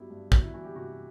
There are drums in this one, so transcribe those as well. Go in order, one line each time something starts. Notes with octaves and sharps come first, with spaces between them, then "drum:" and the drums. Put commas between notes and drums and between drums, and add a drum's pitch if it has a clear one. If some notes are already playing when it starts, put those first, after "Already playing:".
Already playing: G2 F#3 B3 E4 F#4 G4
G2
B3 F#4, drum: kick
E4
E3 F#4
G4
C3 F#4